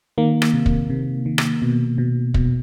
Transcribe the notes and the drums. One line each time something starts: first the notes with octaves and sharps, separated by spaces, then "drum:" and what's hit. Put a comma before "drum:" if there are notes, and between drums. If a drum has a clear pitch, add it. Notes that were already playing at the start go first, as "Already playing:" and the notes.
D#3 A#3
drum: rim click
C3
drum: kick
C3
D#3
drum: rim click
B2
B2
B2, drum: kick